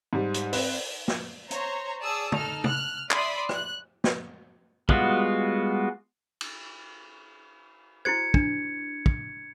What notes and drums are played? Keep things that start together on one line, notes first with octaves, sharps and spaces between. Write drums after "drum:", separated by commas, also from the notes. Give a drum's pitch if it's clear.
G#2 G3
drum: hi-hat
C4 B4, drum: open hi-hat
drum: snare
C5 C#5 A#5, drum: hi-hat
G#4 D5 A5 D#6 E6
D#4 A4 F6, drum: tom
F6 F#6, drum: tom
D5 E5 B5 C6 D#6, drum: clap
F#6, drum: rim click
drum: snare
G3 G#3 B3 F4 F#4, drum: kick
drum: cymbal
E4 F#4 C5 G#6 C#7
D4, drum: kick
drum: kick